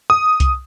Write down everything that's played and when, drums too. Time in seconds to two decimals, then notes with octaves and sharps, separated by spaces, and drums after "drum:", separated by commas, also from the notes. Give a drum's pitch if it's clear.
0.10 D#6
0.40 drum: kick C2, hi-hat